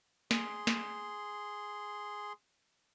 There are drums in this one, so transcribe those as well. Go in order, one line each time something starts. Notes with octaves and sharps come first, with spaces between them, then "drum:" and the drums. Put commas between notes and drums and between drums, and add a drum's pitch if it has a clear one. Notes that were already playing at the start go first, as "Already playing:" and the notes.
G#4 C6, drum: snare
drum: snare